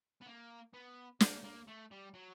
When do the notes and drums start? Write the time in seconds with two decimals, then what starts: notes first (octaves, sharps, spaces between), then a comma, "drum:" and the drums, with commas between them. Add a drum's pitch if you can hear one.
0.22 B3
0.27 A#3
0.74 B3
1.20 A#3, drum: snare
1.44 A#3
1.67 A3
1.91 G3
2.14 F#3